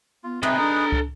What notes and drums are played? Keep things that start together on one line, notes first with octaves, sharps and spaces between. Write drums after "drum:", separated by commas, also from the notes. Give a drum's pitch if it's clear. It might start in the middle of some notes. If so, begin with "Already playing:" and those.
B3 F4
C3 D#4 G#4 B4 E5, drum: tom
D4 A4 A#5
drum: kick